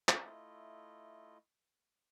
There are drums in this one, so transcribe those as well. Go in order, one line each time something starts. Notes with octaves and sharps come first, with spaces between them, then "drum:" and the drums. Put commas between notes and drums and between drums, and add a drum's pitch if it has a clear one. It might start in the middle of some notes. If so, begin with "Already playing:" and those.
drum: clap
A3 E4 F4 D#5